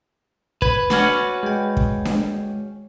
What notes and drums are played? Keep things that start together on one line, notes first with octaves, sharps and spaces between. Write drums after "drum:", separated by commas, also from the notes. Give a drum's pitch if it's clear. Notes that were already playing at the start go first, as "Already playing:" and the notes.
B4 G#6, drum: kick
C#4 F#4 D5, drum: snare D4
G#3 G5
drum: kick
drum: snare D4